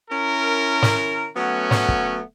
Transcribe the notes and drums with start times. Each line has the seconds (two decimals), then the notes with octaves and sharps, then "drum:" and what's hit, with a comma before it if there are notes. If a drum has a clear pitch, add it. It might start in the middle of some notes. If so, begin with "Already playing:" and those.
0.10 C#4 E4 A#4
0.82 drum: snare
1.35 F#3 A3 B3 C#4
1.71 drum: snare
1.89 drum: kick